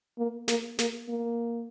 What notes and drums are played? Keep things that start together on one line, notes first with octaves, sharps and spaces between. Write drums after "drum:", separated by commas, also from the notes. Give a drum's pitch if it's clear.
A#3
A#3, drum: snare
A#3, drum: snare
A#3